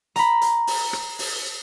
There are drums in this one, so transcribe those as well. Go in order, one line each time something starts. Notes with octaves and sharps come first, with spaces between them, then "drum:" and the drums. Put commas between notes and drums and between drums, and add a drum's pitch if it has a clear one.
A#5 B5, drum: hi-hat
drum: hi-hat
drum: open hi-hat
drum: rim click
drum: open hi-hat